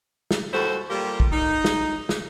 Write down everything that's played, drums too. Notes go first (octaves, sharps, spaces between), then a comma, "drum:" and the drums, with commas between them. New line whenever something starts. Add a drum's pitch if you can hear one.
drum: snare
D#2 G3 E4 F#4 A4 C5
A#2 G3 F4 G4 A4 A#4
drum: kick
D#4
drum: snare
drum: snare